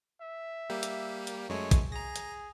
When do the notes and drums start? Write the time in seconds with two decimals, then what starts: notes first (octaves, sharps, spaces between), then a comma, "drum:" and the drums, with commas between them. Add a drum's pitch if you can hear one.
0.21 E5
0.70 G3 A#3 G4
0.83 drum: hi-hat
1.27 drum: hi-hat
1.49 F#2 G#3 A3 C#5
1.71 drum: kick, hi-hat
1.92 G#4 A#5 A#6
2.16 drum: hi-hat